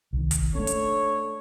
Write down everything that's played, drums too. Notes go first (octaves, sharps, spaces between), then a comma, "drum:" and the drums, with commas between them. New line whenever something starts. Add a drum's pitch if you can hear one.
C2 D#3
drum: kick, hi-hat
A3 C#4 D4 A4 C#5
drum: hi-hat